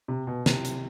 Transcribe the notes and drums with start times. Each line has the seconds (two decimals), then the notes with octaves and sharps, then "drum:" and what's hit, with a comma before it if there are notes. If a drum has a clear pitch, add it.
0.08 C3
0.27 B2
0.46 C3, drum: snare
0.65 drum: hi-hat